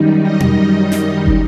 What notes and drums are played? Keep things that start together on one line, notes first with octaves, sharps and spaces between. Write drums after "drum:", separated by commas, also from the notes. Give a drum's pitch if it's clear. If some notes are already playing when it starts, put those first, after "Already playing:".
Already playing: F#2 D#3 G3 D#4
D#5
drum: tom B2
drum: snare
drum: kick